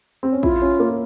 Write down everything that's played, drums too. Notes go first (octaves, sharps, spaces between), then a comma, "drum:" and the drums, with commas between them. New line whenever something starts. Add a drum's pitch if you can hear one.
C4
C#4
E4 F4, drum: kick
C#4
A#3